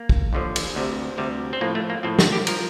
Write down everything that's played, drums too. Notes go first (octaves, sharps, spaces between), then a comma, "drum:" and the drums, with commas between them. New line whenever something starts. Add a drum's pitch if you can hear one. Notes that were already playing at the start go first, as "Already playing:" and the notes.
Already playing: A#3
drum: kick
D#2 D3 F3
drum: cymbal
D2 C3 G3
D2 C3 G3
C4
A2 F3 A#3
A3
A#3
A2 F3 C4
D4, drum: snare
G4
F3 A#4, drum: cymbal